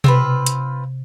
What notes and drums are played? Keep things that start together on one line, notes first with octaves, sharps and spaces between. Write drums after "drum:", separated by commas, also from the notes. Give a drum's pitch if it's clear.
C3 C4 F4 B4, drum: tom B2
drum: hi-hat